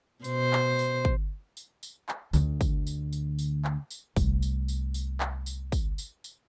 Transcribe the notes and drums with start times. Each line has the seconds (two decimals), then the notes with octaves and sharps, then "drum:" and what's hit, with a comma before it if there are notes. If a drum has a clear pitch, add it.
0.24 B2 C5, drum: tambourine
0.53 drum: clap
0.79 drum: tambourine
1.05 drum: kick
1.57 drum: tambourine
1.83 drum: tambourine
2.09 drum: clap
2.33 D2 D3, drum: tambourine
2.61 drum: kick, tambourine
2.87 drum: tambourine
3.13 drum: tambourine
3.39 drum: tambourine
3.65 drum: clap
3.91 drum: tambourine
4.16 C2 A3, drum: kick, tambourine
4.42 drum: tambourine
4.68 drum: tambourine
4.94 drum: tambourine
5.20 drum: clap
5.46 drum: tambourine
5.72 drum: kick, tambourine
5.98 drum: tambourine
6.24 drum: tambourine